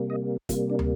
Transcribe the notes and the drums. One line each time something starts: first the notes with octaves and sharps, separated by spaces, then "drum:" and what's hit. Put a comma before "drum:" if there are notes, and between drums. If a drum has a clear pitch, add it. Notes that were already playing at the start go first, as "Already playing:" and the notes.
Already playing: C3 G3 A#3
D#5
C3 G3 A#3 F4, drum: kick, hi-hat
D4
drum: tom